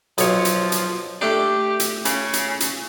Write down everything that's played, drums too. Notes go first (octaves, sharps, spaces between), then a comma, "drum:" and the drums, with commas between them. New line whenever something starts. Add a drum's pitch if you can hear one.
B1 F3 C#5, drum: hi-hat
drum: hi-hat
drum: hi-hat
A3 D4 G4
drum: hi-hat
C#3, drum: hi-hat
drum: hi-hat
drum: hi-hat